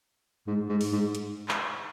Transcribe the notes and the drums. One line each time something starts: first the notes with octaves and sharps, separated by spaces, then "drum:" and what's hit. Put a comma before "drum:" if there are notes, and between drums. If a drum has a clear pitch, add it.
G#2
G#2
drum: open hi-hat
G#2
drum: hi-hat
drum: clap